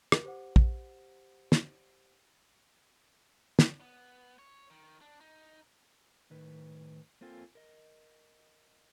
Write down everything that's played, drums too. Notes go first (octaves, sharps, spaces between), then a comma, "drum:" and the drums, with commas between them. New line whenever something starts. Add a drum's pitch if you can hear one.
drum: rim click
G4 C5 F#5
drum: kick
drum: snare
drum: snare
B3
C#5
D#3
D4
D#4
A2 D#3 B4
A#3 C4 F4 A4 G5 G#5
A#4 D#5